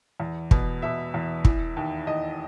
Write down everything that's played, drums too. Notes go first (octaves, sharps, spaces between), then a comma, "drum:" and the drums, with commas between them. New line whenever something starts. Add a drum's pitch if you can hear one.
E2
B2, drum: kick
B2 E5
E2
E3, drum: kick
D#2
D#2 D#5